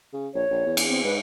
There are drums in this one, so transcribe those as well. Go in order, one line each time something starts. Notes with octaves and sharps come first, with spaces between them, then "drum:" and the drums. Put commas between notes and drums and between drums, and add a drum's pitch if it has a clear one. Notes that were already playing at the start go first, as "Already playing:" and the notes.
C#3
A#1 C#5
A#1
E2
drum: cymbal
C4
G#2 B4